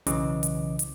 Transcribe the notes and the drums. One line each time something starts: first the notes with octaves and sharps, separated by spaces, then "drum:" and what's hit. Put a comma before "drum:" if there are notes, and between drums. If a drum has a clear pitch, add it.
B1 C#3 E3 C#4 D#5 D6, drum: hi-hat
drum: hi-hat
drum: hi-hat